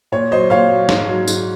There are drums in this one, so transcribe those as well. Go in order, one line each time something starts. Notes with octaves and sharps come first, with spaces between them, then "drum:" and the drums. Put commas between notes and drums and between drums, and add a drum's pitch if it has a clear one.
A#2 C#5
F#3 C5 D#5
A#2 C#5 F5
F#3
G#2, drum: snare
F#3
G#2, drum: tambourine